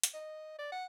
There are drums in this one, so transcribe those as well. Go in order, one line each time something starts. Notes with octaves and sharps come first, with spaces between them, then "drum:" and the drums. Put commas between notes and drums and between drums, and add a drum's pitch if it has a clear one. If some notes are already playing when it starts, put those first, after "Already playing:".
drum: hi-hat
D#5
D5
F#5